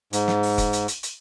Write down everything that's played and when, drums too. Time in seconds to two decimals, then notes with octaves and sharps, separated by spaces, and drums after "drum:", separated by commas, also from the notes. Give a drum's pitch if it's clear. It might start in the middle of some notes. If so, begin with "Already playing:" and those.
0.13 G#2, drum: hi-hat
0.28 drum: snare
0.43 drum: open hi-hat
0.58 drum: kick F1, hi-hat
0.73 drum: hi-hat
0.88 drum: hi-hat
1.03 drum: hi-hat